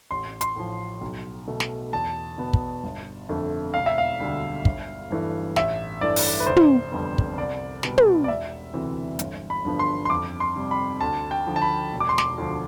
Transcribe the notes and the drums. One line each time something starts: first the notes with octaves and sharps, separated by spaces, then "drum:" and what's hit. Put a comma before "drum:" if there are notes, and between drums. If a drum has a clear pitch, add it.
A1 C6
C6, drum: hi-hat
A2 F3
B1
B2 A3
drum: snare
E2 A5
B2 B3
drum: kick
G1
F2 D3 A3
E1 F5
E5
F5
D2 D3 G3
G1, drum: kick
G2 E3 A3
A1 E5, drum: snare
G2 E3 A3 D5
drum: open hi-hat
B4
F1 C5
drum: tom
F2 D3 G3 B3
drum: kick
C2 D5
B2 G3 B3, drum: snare
drum: tom
D5
E1 E5
D2 C3 E3
G1, drum: hi-hat
B5
G2 D3 F3 B3
C6
C6
F2 D6
C6
C3 G3
B5
D2 A5
G5
D3 F3
A5
B5
E1
D6
C6
D6, drum: snare
D2 D3 F3